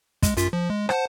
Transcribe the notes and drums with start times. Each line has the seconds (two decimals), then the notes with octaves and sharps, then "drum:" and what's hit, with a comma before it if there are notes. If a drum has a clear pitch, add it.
0.23 G#3, drum: kick, hi-hat
0.37 F#2 F4 B6, drum: hi-hat
0.53 F3
0.70 G#3
0.89 C5 F#5 A5, drum: rim click